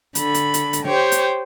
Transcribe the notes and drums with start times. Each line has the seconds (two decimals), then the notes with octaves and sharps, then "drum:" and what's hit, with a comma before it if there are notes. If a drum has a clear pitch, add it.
0.15 D3 B5, drum: hi-hat
0.34 drum: hi-hat
0.54 drum: hi-hat
0.73 drum: hi-hat
0.85 G4 C5 C#5 G5
1.12 drum: hi-hat